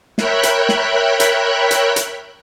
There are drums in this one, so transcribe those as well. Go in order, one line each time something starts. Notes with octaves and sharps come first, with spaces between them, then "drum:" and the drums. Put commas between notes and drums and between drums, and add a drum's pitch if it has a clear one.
A#4 C#5 E5 G5 B5 F#6, drum: snare
drum: hi-hat
drum: snare
drum: hi-hat
drum: hi-hat
drum: hi-hat